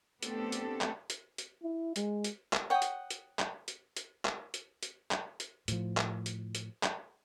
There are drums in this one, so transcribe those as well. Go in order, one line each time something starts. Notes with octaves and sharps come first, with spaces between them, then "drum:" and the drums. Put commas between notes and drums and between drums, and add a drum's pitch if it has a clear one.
A3 B3 C4 D4 G4 A4, drum: hi-hat
drum: hi-hat
drum: clap
drum: hi-hat
drum: hi-hat
E4
G#3, drum: hi-hat
drum: hi-hat
drum: clap
C#5 F#5 G5 D#6
drum: hi-hat
drum: hi-hat
drum: clap
drum: hi-hat
drum: hi-hat
drum: clap
drum: hi-hat
drum: hi-hat
drum: clap
drum: hi-hat
A2 F3, drum: hi-hat
drum: clap
drum: hi-hat
drum: hi-hat
drum: clap